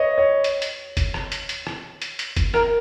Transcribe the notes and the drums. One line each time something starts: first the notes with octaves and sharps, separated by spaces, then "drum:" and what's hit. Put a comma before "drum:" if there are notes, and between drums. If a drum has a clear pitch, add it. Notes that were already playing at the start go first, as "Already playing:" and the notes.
Already playing: B4 C#5 D#5
C#5
drum: hi-hat
drum: hi-hat
drum: kick, hi-hat
drum: rim click
drum: hi-hat
drum: hi-hat
drum: rim click
drum: hi-hat
drum: hi-hat
drum: kick, hi-hat
A#4, drum: rim click